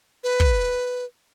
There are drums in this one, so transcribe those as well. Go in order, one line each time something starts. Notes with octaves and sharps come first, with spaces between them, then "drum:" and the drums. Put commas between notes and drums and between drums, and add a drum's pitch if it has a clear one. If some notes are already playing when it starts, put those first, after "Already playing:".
B4
drum: kick